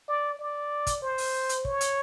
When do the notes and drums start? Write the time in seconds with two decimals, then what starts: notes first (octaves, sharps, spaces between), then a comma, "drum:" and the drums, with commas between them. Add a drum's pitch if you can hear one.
0.08 D5
0.39 D5
0.87 drum: kick, hi-hat
1.02 C5
1.18 drum: open hi-hat
1.49 drum: hi-hat
1.65 C#5, drum: kick
1.81 drum: hi-hat